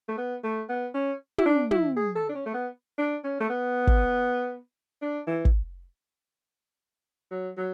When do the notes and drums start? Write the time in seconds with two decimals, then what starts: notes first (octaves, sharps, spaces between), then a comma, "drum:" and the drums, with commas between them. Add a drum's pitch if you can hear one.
0.08 A3
0.17 B3
0.44 A3
0.69 B3
0.94 C#4
1.38 E4, drum: tom
1.46 D4
1.71 E4, drum: tom
1.97 G#4
2.15 A4
2.29 D4
2.35 C#4
2.46 A3
2.54 B3
2.98 D4
3.24 C#4
3.40 A3
3.49 B3
3.87 drum: kick
5.02 D4
5.27 E3
5.45 drum: kick
7.31 F#3
7.57 F#3